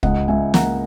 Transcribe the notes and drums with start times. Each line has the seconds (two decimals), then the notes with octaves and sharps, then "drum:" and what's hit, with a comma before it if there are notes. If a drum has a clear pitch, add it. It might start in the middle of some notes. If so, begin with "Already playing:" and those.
0.03 C#2 D#5 F#5, drum: kick
0.28 C#2 E5 G#5
0.54 A#3 F#5 A#5, drum: snare